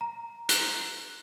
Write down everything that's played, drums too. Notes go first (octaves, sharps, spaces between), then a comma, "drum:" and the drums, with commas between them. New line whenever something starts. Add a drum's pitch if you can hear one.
A#5
F#6, drum: hi-hat